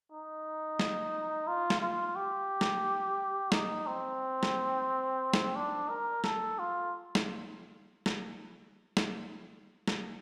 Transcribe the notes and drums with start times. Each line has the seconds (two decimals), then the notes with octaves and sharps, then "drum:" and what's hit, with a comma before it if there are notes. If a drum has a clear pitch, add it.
0.12 D#4
0.79 drum: snare
1.48 F4
1.70 drum: snare
1.81 F4
2.16 G4
2.61 drum: snare
3.52 D#4, drum: snare
3.87 C4
4.43 drum: snare
5.34 drum: snare
5.56 D4
5.90 A#4
6.24 A4, drum: snare
6.59 F4
7.15 drum: snare
8.06 drum: snare
8.97 drum: snare
9.88 drum: snare